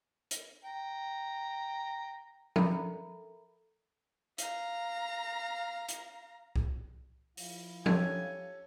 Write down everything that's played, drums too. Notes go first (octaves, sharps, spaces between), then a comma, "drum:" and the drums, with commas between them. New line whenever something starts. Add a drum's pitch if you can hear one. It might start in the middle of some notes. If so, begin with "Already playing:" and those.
drum: hi-hat
G5 A#5
A4 A#4 E5 G5 A#5 B5, drum: tom F3
F5 A#5, drum: hi-hat
drum: hi-hat
drum: kick C2
F3 E4 F5, drum: open hi-hat
C#4 G4 A4 G#5, drum: tom F3